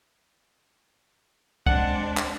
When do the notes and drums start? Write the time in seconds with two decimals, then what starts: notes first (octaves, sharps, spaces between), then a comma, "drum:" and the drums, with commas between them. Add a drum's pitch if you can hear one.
1.66 G#3 C4 D4 F#5, drum: kick
2.17 drum: clap